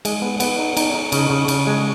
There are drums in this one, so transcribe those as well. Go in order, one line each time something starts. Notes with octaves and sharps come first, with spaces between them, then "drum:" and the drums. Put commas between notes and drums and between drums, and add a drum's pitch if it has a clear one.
G#3, drum: cymbal
B3
B3, drum: cymbal
D#4
D#4, drum: cymbal
D#4
C#3, drum: cymbal
C#3
C#3, drum: cymbal
G#3